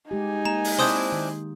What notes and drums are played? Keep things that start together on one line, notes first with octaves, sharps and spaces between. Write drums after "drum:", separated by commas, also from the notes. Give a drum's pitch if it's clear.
G#3 D#4 G4 G#5
A#3 A#5 E7
drum: open hi-hat
C4 D4 E4 C6 D#6 G6
D#3